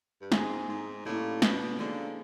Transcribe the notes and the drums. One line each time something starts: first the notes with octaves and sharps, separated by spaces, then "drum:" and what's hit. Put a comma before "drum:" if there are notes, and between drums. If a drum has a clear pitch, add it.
G2
G#2 G#3 C4 D#4 G#4, drum: snare
G#2
A2 G3 A#3 C#4 E4
B2, drum: snare
D3 F3 A#3 D#4 G#4